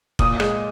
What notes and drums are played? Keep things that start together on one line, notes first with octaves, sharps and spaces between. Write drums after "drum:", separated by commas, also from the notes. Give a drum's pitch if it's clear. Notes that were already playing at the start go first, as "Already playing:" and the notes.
A#2 D#6, drum: kick
G#3, drum: rim click